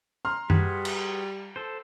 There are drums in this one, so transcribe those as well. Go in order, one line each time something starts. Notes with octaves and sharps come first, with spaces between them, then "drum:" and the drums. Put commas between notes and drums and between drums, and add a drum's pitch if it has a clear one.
A#5 C6 F6
G3 F#4 G#4 B4, drum: tom F#2
drum: cymbal
A4 C5